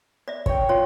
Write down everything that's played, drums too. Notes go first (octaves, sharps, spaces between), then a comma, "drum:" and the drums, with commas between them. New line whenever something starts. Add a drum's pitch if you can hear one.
D5 E5
C#5 G5, drum: kick
F4 C#5